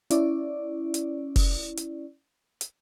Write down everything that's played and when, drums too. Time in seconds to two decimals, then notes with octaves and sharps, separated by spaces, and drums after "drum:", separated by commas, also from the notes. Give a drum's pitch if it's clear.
0.10 C#4 E4 D5, drum: hi-hat
0.94 drum: hi-hat
1.36 drum: kick F1, open hi-hat
1.77 drum: hi-hat
2.61 drum: hi-hat